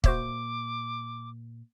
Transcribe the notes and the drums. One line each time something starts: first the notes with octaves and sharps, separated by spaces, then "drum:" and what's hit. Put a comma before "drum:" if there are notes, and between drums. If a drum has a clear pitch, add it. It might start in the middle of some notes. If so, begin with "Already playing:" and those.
A#2 A#3 F#4 C5 E5 D6, drum: kick